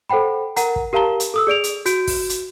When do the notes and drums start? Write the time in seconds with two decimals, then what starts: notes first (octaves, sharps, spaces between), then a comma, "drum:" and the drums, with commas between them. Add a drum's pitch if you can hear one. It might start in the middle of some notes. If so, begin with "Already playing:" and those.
0.10 A4 C5 F#5 G5 B5
0.56 A#4 F#5 A#5, drum: hi-hat
0.76 drum: kick
0.93 G4 A#4 F5 A5 A#5 G7
1.20 drum: hi-hat
1.34 A4 D#6 E6
1.47 G#4 D5 D7 F7
1.64 drum: hi-hat
1.86 F#4 G6 D7, drum: hi-hat
2.08 drum: kick, open hi-hat
2.29 drum: hi-hat